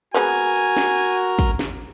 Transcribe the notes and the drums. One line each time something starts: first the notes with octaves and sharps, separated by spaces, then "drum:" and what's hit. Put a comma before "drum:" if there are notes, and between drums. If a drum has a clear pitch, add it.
G#3 B3 C4 F#4 A#4 G#5, drum: hi-hat
drum: hi-hat
drum: snare
drum: hi-hat
drum: kick, open hi-hat
drum: snare